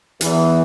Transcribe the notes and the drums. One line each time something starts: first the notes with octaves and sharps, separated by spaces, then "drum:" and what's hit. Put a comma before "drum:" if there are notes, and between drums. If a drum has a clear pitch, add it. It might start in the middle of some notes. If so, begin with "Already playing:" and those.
E2 E3, drum: hi-hat